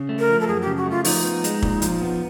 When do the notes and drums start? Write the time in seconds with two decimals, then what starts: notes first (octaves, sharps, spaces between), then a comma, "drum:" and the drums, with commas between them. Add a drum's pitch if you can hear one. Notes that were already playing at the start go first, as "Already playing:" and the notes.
Already playing: C#3
0.09 A3
0.19 A#4
0.29 F3
0.41 A4
0.47 F#2 G#4
0.62 C#3 G4
0.77 F#4
0.86 A3 F4
1.05 F3 D#4, drum: open hi-hat
1.24 B3
1.44 G#3, drum: hi-hat
1.62 A#2, drum: kick
1.82 F3, drum: hi-hat
2.01 B3